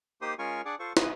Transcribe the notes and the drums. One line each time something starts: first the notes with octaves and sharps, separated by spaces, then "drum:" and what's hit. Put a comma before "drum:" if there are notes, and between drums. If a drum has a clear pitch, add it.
A#3 D#4 G4 C5 C6 D#6
G#3 C#4 F4 A#4 G#5 C#6
D4 G#4 D5 F#5
F4 A4 C5 C#6
G#4 B4 D#5, drum: snare